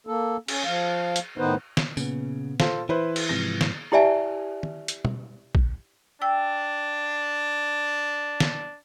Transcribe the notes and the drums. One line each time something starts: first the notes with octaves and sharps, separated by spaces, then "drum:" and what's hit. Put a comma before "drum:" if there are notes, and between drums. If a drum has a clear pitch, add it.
A#3 A4
C#4, drum: cymbal
F3 F5
drum: hi-hat
A2 D#3 B3 D#4 B4 C5
drum: snare
A#2 C#3 B3, drum: tambourine
F4 A4 C5, drum: snare
E3 E4 B4 C5
drum: cymbal
G#2 C3 F3 A#6
drum: snare
E4 G4 D5 E5 G#5 A5
drum: tom D#3
drum: hi-hat
drum: tom B2
drum: kick A#1
D4 G5 E6
drum: snare